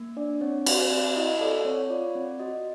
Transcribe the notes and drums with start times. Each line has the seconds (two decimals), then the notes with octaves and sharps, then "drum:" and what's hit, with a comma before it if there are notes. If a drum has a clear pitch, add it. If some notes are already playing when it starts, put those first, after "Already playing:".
Already playing: A#3
0.17 D4 D5
0.41 C4 C#5
0.66 C4 D5, drum: cymbal
0.91 C4 D5
1.16 E4 D#5
1.41 A4 D5
1.65 C4 C#5
1.81 C#5
1.90 F4 D5
2.15 C4
2.40 F#4 D#5